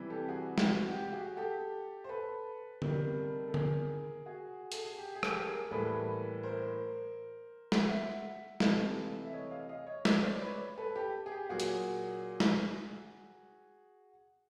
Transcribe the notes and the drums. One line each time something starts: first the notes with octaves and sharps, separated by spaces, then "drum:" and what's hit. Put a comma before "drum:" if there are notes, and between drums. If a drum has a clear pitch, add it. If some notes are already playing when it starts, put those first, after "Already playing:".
Already playing: C3 E3 G3
G4 A4
F#4 G#4
G4, drum: snare
F#4
G4
G4
F#4 G#4
G4 A4
C5
A4 B4
C3 D#3 G3 A#3, drum: tom D3
A4
G#4 A#4, drum: tom D3
F#4 G#4
A4, drum: hi-hat
G#4
G4
G#4
G4 A4, drum: rim click
G#4 A#4
A#4
A2 E3 G3 A#3 A4 B4
A#4 C5
drum: snare
E5 F#5
C3 E3 A3 D#5 F5, drum: snare
E5
C#5 D#5
D#5 F5
D#5 F5
C#5 D#5
C#5 D#5, drum: snare
C5 D5
B4 C#5
A4 B4
G4 A4
G#4
G4
A#2 F#3 A#3 F#4 G#4
drum: hi-hat
drum: snare